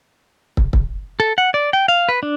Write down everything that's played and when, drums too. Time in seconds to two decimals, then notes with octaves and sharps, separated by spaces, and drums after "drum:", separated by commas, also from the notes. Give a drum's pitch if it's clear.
0.57 drum: kick
0.73 drum: kick
1.20 A4
1.38 F#5
1.54 D5
1.73 G5
1.88 F5
2.09 B4
2.23 D4